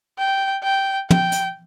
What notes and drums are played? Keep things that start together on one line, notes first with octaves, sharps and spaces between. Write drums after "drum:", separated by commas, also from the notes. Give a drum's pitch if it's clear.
G5
G5
G5, drum: tom
drum: hi-hat